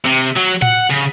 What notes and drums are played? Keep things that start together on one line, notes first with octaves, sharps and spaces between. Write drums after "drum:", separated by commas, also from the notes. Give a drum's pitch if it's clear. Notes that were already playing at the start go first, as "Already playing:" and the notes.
C3, drum: open hi-hat
F#3
F#5, drum: tom A2
C#3, drum: hi-hat